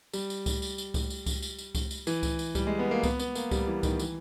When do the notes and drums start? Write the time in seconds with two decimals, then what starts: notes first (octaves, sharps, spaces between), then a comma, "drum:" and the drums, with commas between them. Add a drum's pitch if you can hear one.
0.13 G3, drum: tambourine
0.30 drum: tambourine
0.46 drum: kick C#2, tambourine
0.62 drum: tambourine
0.78 drum: tambourine
0.94 drum: kick C#2, tambourine
1.10 drum: tambourine
1.26 drum: kick C#2, tambourine
1.42 drum: tambourine
1.59 drum: tambourine
1.75 drum: kick C#2, tambourine
1.91 drum: tambourine
2.07 E3, drum: tambourine
2.23 drum: kick C#2, tambourine
2.39 drum: tambourine
2.55 G3, drum: kick C#2, tambourine
2.67 G#3
2.79 B3
2.91 A#3
3.03 B3, drum: kick C#2, tambourine
3.19 B3, drum: tambourine
3.35 A#3, drum: tambourine
3.51 G3, drum: kick C#2, tambourine
3.67 E3
3.83 D#3, drum: kick C#2, tambourine
4.00 E3, drum: tambourine